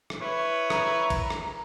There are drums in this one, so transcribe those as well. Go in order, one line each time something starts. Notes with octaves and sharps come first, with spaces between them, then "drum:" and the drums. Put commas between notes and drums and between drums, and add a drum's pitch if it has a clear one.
drum: rim click
E4 B4 C#5
A#5, drum: rim click
drum: kick, cymbal
drum: rim click